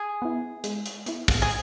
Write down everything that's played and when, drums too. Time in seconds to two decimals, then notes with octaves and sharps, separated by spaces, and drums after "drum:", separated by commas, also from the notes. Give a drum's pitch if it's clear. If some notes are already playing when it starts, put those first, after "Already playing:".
Already playing: G#4
0.22 B3 E4
0.64 G#3, drum: hi-hat
0.86 drum: hi-hat
1.06 B3 E4, drum: hi-hat
1.28 drum: kick, open hi-hat
1.42 G#4